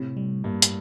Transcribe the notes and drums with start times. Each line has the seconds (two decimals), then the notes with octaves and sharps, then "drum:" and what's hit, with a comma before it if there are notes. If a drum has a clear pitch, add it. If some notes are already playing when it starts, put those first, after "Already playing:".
Already playing: A2 C3
0.17 G3
0.44 G2 A#3
0.62 drum: hi-hat